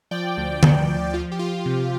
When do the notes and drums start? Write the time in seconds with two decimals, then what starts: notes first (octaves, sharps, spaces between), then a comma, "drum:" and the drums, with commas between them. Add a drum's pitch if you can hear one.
0.11 F3 D5 G5
0.37 D2
0.63 D2, drum: tom D3
0.89 D2
1.14 F3 F4
1.32 G4
1.39 F3 F4
1.66 C3